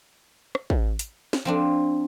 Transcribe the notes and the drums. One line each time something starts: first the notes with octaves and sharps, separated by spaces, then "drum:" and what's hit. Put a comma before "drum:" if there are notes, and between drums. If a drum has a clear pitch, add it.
drum: rim click
drum: kick A1
drum: hi-hat
drum: snare
F3 C4 D4